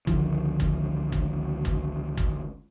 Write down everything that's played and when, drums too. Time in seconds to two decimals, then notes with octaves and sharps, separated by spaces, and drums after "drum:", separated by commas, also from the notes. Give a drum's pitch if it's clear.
0.07 C#2 D3 D#3 F3, drum: kick
0.60 drum: kick
1.12 drum: kick
1.65 drum: kick
2.17 drum: kick